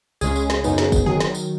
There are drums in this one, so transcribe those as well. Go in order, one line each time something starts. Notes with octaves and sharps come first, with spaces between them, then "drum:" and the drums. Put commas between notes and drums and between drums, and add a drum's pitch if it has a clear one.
C#2 C#3 G#3 C#4 G#4, drum: tambourine
drum: tambourine
drum: snare
F#2 C#3 G#3 B3 D#4, drum: tambourine
drum: snare
drum: kick, tambourine
D#3 F#3 G#4, drum: tom C#3
drum: snare
drum: tambourine